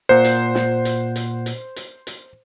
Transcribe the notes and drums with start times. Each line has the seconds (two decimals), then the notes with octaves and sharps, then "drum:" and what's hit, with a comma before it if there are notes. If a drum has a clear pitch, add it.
0.09 A#2 C5 F#5
0.24 drum: hi-hat
0.55 drum: snare
0.85 drum: hi-hat
1.16 drum: hi-hat
1.46 drum: hi-hat
1.76 drum: hi-hat
2.07 drum: hi-hat